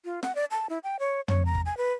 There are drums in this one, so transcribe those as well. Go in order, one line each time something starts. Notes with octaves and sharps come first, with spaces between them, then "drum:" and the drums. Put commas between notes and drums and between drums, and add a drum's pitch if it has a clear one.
F4
F#5, drum: snare
D5
A5
E4
G5
C#5
C#5, drum: tom
A#5
drum: kick
G#5
B4